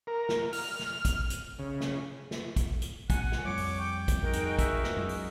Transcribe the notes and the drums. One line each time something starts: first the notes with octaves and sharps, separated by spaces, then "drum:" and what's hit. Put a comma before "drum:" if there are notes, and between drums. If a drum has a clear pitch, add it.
A#4
drum: snare
F6, drum: open hi-hat
drum: snare
drum: kick, hi-hat
drum: hi-hat
C#3
drum: snare
drum: snare
drum: kick, hi-hat
drum: hi-hat
A2 C3 F#5 G#5, drum: kick, hi-hat
drum: snare
F2 G3 C#5 D6
drum: open hi-hat
G5
drum: kick, hi-hat
D#4 F#4 G#4 A#4
drum: hi-hat
E5, drum: kick, hi-hat
drum: snare
F#2 G#3
drum: open hi-hat